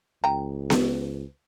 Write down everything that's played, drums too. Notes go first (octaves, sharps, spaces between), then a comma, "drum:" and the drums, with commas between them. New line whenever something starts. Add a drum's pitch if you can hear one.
C#2 G5 A#5
drum: snare B3